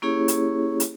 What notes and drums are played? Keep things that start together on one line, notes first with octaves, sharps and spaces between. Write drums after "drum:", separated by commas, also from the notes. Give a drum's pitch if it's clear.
A#3 C#4 E4 G4 G#4 C#5
drum: hi-hat
drum: hi-hat